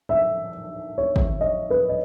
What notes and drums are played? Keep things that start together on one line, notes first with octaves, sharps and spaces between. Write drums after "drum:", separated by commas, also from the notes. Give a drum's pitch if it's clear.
E5
C#5
drum: kick
D#5
B4
D#5